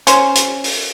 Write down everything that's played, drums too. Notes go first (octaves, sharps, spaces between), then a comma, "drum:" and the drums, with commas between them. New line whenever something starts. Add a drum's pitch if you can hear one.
C#4 C5, drum: hi-hat
drum: hi-hat
drum: open hi-hat